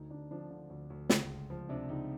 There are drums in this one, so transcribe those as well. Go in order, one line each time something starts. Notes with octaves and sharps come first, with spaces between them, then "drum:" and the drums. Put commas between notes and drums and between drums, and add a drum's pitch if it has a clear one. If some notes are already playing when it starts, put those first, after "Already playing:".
Already playing: D2 D#4
D2 D4
F3 D4
D3
D2
D2
C#2, drum: snare
C#2
F3
C3 D4
C#2 D#4